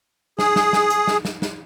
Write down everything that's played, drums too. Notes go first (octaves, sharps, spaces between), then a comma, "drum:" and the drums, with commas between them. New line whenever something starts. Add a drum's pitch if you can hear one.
G#4, drum: snare
drum: snare
drum: snare
drum: hi-hat
drum: snare
drum: snare
drum: snare